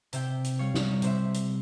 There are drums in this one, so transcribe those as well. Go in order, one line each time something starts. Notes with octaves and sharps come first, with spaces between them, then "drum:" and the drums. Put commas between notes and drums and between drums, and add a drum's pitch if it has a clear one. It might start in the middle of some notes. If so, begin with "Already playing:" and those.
C3 E5 G5, drum: hi-hat
drum: hi-hat
G3 C#5 F5
drum: snare
C3 C5 E5, drum: hi-hat
drum: hi-hat